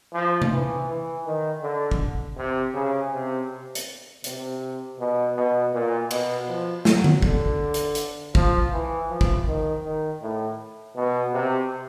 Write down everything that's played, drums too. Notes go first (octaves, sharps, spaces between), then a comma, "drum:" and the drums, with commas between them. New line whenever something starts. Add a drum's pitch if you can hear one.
F3
drum: tom C3
E3
E3
D#3
D3
drum: kick
C3
C#3
C3
drum: hi-hat
C3, drum: hi-hat
B2
B2
A#2
B2, drum: cymbal
F3
F#3, drum: snare
drum: tom D3
D3, drum: kick
drum: hi-hat
drum: hi-hat
F3, drum: kick
E3
F3
drum: kick
D#3
D#3
A2
B2
C3